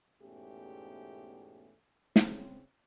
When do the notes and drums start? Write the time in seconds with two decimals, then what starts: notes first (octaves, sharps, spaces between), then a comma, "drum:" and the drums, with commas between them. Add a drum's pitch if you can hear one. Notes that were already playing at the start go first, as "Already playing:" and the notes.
0.22 E2 G#2 B2 A3 C#4 G4
2.16 C#3 C4, drum: snare